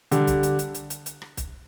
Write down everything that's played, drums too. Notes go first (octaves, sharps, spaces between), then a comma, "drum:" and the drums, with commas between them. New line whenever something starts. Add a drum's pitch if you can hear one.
D3 G3, drum: hi-hat
drum: kick, hi-hat
drum: hi-hat
drum: hi-hat
drum: hi-hat
drum: hi-hat
drum: hi-hat
drum: rim click
drum: kick, hi-hat